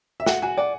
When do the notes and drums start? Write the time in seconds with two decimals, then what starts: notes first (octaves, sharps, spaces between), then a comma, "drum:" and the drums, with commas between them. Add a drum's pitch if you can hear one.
0.20 E5
0.26 F#4 F#5, drum: snare
0.42 F#4 G#5
0.57 D5 F#5